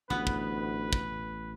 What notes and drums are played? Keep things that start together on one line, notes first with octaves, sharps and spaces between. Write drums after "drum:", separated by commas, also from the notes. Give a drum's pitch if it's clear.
A1 D2 B3 B4
drum: kick
drum: kick